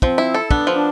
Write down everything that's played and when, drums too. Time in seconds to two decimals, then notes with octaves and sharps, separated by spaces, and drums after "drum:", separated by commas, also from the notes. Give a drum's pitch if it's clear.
0.02 F3 C4, drum: kick
0.18 E4
0.34 A4
0.51 B3 D4, drum: kick
0.67 F3
0.75 D4